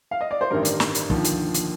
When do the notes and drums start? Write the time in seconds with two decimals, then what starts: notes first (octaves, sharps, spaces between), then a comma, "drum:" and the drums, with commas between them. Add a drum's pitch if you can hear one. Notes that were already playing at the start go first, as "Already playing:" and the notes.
0.11 F5
0.21 D#5
0.31 D5
0.41 C5
0.51 A1 G2 D#3 G3 A#4
0.65 drum: hi-hat
0.80 drum: snare
0.95 drum: hi-hat
1.10 D#2 D3 F3, drum: kick
1.25 drum: hi-hat
1.54 drum: hi-hat